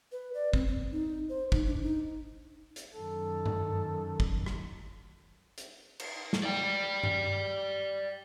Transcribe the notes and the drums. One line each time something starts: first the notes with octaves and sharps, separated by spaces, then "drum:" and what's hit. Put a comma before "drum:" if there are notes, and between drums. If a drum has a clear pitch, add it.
B4
D5
C4, drum: kick
C4
D#4
C5
D#4, drum: kick
D4
D#4
drum: hi-hat
F#2 D#3 A4
drum: tom G2
drum: kick
drum: rim click
drum: hi-hat
drum: cymbal
drum: snare
D5 G5
drum: tom G2